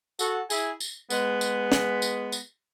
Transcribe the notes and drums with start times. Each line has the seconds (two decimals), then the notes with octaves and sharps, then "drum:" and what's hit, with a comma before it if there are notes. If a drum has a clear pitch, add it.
0.19 F#4 A4, drum: tambourine
0.50 E4 G#4, drum: tambourine
0.80 drum: tambourine
1.10 G#3 B3, drum: tambourine
1.41 drum: tambourine
1.72 drum: snare
2.02 drum: tambourine
2.32 drum: tambourine